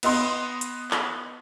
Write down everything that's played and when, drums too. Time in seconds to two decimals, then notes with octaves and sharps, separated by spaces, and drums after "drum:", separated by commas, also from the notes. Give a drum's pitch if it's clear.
0.03 B3 D#5 C6, drum: cymbal
0.61 drum: hi-hat
0.91 drum: clap